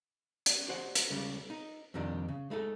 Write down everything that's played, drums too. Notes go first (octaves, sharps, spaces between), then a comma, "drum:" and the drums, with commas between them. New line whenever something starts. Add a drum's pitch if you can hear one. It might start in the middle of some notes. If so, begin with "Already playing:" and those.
drum: hi-hat
F#4 G4 C5 D#5 F#5
drum: hi-hat
C#2 C#3 G3
D#4
F2 C3 D#3 G3 D4
C#3
G#3 A3 D#4 A4